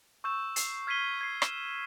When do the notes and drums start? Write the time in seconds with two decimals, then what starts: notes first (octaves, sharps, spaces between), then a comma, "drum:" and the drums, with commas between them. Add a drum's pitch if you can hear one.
0.24 C#6 E6 G6 E7
0.56 C7, drum: hi-hat
0.87 F6 G#6 B6 C7 D#7 G7
1.21 G#6 C7
1.42 E7, drum: rim click